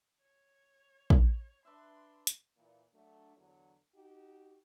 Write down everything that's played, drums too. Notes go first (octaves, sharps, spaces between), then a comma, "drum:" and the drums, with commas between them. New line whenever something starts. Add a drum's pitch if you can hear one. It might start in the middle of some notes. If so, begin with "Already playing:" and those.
C#5
drum: kick
D4 B4 E5 C6
drum: hi-hat
A#2 E3
F#3 A3 D4
E2 D3 F#3
D#4 F#4 G4